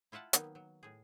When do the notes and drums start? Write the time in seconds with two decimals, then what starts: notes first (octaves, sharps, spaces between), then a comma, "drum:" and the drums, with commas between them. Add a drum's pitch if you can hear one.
0.12 E4 F4 E5 F#5 A5
0.33 D#3 F#3 A#3 B3 D#4, drum: hi-hat
0.55 F#3
0.83 A2 G#4